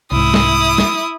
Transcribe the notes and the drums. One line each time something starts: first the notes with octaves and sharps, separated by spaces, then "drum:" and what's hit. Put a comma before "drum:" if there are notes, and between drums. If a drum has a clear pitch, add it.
C2 G#2 E4 D#6
drum: snare
drum: snare